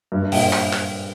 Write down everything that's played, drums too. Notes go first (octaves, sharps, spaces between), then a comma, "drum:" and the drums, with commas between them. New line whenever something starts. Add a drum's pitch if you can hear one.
G2
G2
A#2, drum: open hi-hat
drum: clap
drum: clap